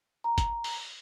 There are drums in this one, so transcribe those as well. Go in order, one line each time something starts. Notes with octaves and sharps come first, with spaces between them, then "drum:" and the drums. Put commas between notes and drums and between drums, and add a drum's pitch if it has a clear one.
A#5
drum: kick, hi-hat
drum: open hi-hat